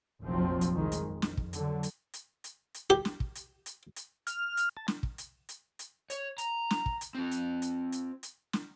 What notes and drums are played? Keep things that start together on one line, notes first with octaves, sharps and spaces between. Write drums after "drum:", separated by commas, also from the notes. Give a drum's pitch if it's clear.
F1 A#1 F3 F#3 C4
drum: hi-hat
C2 D#3 G#3
drum: hi-hat
F2
drum: snare
drum: kick
D3 F#3, drum: hi-hat
drum: hi-hat
drum: hi-hat
drum: hi-hat
drum: hi-hat
G4
drum: snare
drum: kick
drum: hi-hat
drum: hi-hat
drum: hi-hat
F6, drum: hi-hat
drum: hi-hat
A5
drum: snare
drum: kick
drum: hi-hat
drum: hi-hat
drum: hi-hat
C#5, drum: hi-hat
A#5, drum: hi-hat
drum: snare
drum: kick
drum: hi-hat
C4 F4
drum: hi-hat
drum: hi-hat
drum: hi-hat
drum: hi-hat
drum: snare